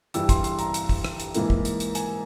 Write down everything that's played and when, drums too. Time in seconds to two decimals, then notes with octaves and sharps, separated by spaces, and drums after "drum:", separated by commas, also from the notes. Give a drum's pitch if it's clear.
0.14 G2 E3 G3 E6, drum: hi-hat
0.29 C6, drum: kick, hi-hat
0.44 C6, drum: hi-hat
0.59 A#5, drum: hi-hat
0.74 drum: hi-hat
0.89 drum: kick, open hi-hat
1.05 drum: rim click
1.20 drum: hi-hat
1.34 G#2 E3 A#3 E4, drum: hi-hat
1.50 drum: kick
1.65 drum: hi-hat
1.80 drum: hi-hat
1.95 G#5, drum: hi-hat